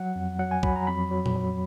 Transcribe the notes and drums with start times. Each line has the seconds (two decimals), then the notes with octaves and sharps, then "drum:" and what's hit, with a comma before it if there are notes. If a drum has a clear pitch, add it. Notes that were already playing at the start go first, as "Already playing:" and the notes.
Already playing: F#3 F#5
0.16 F2
0.39 F#3 F#5
0.51 G#5
0.63 F#3 B5, drum: kick
0.76 A#5
0.87 F2 B5
1.11 F#3
1.26 drum: tom A#2
1.35 F#3